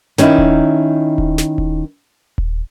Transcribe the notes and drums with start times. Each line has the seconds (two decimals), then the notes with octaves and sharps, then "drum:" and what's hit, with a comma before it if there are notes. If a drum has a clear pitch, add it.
0.18 D#3 C#4 D#4 E4, drum: snare
0.38 drum: kick D#1
1.18 drum: kick D#1
1.38 drum: snare
1.58 drum: kick D#1
2.38 drum: kick D#1